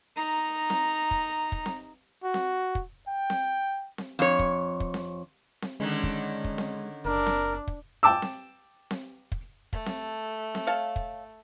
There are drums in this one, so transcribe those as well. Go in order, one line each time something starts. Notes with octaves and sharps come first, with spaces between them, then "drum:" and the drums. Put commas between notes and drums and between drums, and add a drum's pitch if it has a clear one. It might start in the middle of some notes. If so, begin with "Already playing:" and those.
D#4 A#5
drum: snare C4
drum: kick
drum: kick
drum: snare C4
F#4
drum: snare C4
drum: kick
G5
drum: snare C4
drum: snare C4
F2 C#5
drum: kick
drum: kick
drum: snare C4
drum: snare C4
D3 D#3 G#3 C#4
drum: kick
drum: kick
drum: snare C4
F#1 D4 A#4
drum: snare C4
drum: kick
G5 A5 D6 E6
drum: snare C4
drum: snare C4
drum: kick
A3, drum: kick
drum: snare C4
drum: snare C4
C#5 F5 A5
drum: kick